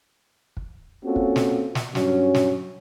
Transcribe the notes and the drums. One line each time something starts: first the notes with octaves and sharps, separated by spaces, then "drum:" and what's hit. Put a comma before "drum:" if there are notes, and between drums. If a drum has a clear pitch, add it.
drum: kick
A#3 C4 C#4 F4 F#4 A4
drum: kick
drum: snare
drum: snare
G2 F#3 C#4, drum: snare
drum: snare